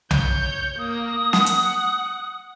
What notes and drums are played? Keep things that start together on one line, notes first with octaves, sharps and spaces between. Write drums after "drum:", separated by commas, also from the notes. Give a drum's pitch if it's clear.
C#5 G6, drum: tom B1
A#3 D#6
F#5, drum: snare
drum: hi-hat